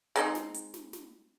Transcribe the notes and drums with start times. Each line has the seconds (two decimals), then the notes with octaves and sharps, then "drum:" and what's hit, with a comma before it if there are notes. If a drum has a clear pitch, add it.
0.16 G#3 C4 D#4, drum: hi-hat
0.35 drum: snare
0.54 drum: hi-hat
0.74 drum: snare
0.93 drum: snare